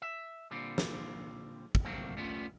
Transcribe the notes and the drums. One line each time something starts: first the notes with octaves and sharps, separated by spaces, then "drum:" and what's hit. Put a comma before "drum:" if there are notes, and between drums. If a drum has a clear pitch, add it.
E5
A#2 D3 G3 C4
drum: snare
drum: kick
C3 F#3 A3 A#3 C4
G3 A3 B3 C#4 D#4 F4